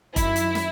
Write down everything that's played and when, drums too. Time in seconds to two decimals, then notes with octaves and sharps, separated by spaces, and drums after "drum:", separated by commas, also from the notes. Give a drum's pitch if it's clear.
0.16 F#2 D#3 F#3 E4, drum: kick F1, hi-hat
0.36 drum: hi-hat
0.55 drum: snare